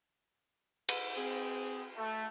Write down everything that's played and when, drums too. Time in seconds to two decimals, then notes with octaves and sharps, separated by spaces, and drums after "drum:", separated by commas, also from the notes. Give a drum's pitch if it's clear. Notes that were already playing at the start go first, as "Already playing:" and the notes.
0.89 drum: cymbal
1.17 C4 G#4
1.97 A3